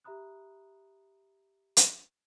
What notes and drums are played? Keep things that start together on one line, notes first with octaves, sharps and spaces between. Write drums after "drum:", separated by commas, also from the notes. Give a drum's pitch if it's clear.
G4 E5 A#5 B5 D#6 F#6
drum: hi-hat